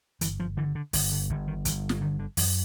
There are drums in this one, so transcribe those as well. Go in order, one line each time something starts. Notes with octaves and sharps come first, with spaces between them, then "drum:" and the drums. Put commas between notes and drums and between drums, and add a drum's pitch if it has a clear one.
G1 E3, drum: hi-hat
F3
D3 E3
D3
G1 D#3, drum: open hi-hat
D3
G1 D3
D#3
G1 E3, drum: hi-hat
drum: snare
D3 D#3
D3
F#2 E3, drum: open hi-hat